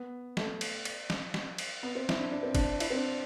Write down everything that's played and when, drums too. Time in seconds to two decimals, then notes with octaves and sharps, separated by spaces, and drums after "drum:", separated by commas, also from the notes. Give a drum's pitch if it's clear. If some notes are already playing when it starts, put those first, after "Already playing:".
Already playing: B3
0.37 A3, drum: snare
0.61 drum: cymbal
0.85 drum: cymbal
1.10 drum: snare
1.34 drum: snare
1.58 drum: cymbal
1.83 B3
1.95 C4
2.09 E4, drum: snare
2.19 D4
2.31 D4
2.43 C4
2.55 D4, drum: kick G1, cymbal
2.80 E4, drum: cymbal
2.90 C4
2.96 D4